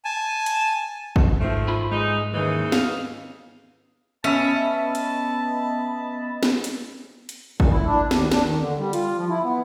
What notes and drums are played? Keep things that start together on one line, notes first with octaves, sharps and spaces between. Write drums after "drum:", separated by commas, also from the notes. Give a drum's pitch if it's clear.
G#5 A5
drum: hi-hat
drum: kick
G#2 F3 A3 C4
F4 B5
E2 G#3 D#4
D#2 C#3 E3 D#4
F5, drum: snare
B3 C#4 D#5 E5 A5 B5
drum: hi-hat
drum: snare
drum: hi-hat
drum: hi-hat
A#2, drum: kick
E4
D4
D#2, drum: snare
D4, drum: snare
D#3
D3
G3
F4, drum: hi-hat
F3
E4
B3